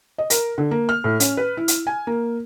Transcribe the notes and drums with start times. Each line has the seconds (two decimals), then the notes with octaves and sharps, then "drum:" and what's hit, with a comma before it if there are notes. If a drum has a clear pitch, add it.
0.18 D#5
0.30 A#4, drum: hi-hat
0.58 D3
0.71 A#3
0.89 F6
1.04 A2
1.20 C#4, drum: hi-hat
1.37 B4
1.57 E4
1.68 drum: hi-hat
1.87 G#5
2.07 A#3